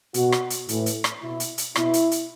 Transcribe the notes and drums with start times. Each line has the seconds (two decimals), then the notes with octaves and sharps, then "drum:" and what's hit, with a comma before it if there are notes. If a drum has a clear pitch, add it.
0.14 B2 F#4, drum: hi-hat
0.32 drum: rim click
0.50 drum: hi-hat
0.69 A2 E3, drum: hi-hat
0.86 drum: hi-hat
1.04 drum: rim click
1.22 B2 E4
1.40 drum: hi-hat
1.58 drum: hi-hat
1.75 B2 E4, drum: rim click
1.94 drum: hi-hat
2.11 drum: hi-hat